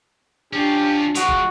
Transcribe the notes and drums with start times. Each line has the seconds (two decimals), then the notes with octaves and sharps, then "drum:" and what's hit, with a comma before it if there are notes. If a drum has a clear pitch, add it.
0.53 C#4 D4 F4 G4
1.15 G#3 F4 F#4, drum: hi-hat
1.28 drum: kick